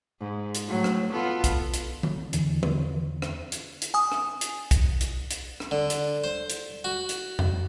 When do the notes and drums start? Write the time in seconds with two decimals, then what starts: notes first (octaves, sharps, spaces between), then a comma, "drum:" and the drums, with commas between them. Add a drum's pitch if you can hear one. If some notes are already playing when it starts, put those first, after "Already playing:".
0.20 G#2
0.55 drum: hi-hat
0.67 A2 F#3 A3
0.84 drum: rim click
1.10 B3 F4 A4
1.44 drum: kick B1, hi-hat
1.74 drum: hi-hat
2.03 drum: tom D#3
2.33 E2 D3 E3, drum: hi-hat
2.63 drum: tom D#3
3.22 drum: rim click
3.52 drum: hi-hat
3.82 drum: hi-hat
3.94 G#5 D#6
4.12 drum: rim click
4.41 drum: hi-hat
4.71 drum: kick B1, hi-hat
5.01 drum: hi-hat
5.31 drum: hi-hat
5.60 drum: rim click
5.71 D3
5.90 drum: hi-hat
6.24 C5
6.50 drum: hi-hat
6.84 F#4
7.09 drum: hi-hat
7.39 drum: tom F2